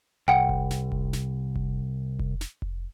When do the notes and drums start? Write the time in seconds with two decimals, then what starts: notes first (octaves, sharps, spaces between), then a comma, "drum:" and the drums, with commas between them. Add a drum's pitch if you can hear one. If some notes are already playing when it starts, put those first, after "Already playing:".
0.28 C2 F#5 G5
0.49 drum: kick F1
0.71 drum: snare
0.92 drum: kick F1
1.13 drum: snare
1.56 drum: kick F1
2.20 drum: kick F1
2.41 drum: snare
2.62 drum: kick F1